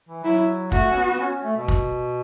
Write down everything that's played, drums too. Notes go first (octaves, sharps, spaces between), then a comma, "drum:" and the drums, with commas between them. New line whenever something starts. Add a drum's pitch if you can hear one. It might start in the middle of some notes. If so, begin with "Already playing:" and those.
E3
F#3 E4
A3 F#4, drum: kick
C#4
B3
B3
C#4
C#4
A3
B2
drum: kick